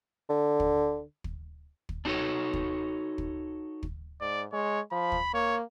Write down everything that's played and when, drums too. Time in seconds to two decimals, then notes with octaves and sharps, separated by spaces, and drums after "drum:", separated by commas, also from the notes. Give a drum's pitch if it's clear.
0.29 D3
0.60 drum: kick
1.24 drum: kick
1.89 drum: kick
2.05 D4 D#4 F#4 G#4 A4 C#5
2.53 drum: kick
3.18 drum: kick
3.83 drum: kick
4.21 G#2 D5
4.53 G#3 C#5
4.92 F3 B5
5.12 drum: kick
5.34 A#3 C#5